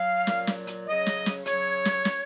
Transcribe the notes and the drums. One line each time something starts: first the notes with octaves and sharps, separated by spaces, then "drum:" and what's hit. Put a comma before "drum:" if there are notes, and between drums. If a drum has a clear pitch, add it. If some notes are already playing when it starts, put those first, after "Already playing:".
Already playing: F#3 F5
A#2 F#3, drum: snare
drum: snare
drum: hi-hat
C#3 F#3 D#5
drum: snare
drum: snare
C#3 F#3 C#5, drum: hi-hat
drum: snare
drum: snare